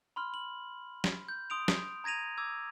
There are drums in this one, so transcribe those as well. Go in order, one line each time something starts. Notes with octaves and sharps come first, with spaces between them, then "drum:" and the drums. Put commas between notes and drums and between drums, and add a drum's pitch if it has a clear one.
B5 C6 F6
F#7
drum: snare
G6
C6 D#6 D7 F7
drum: snare
A#5 G#6 A#6 D#7 F7
D6 E6 G#6